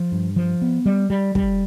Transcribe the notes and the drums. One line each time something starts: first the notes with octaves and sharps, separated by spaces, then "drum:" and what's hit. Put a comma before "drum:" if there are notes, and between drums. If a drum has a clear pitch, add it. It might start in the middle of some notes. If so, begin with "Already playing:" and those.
Already playing: F3
G2
F3
B3
G3
G3
G3, drum: kick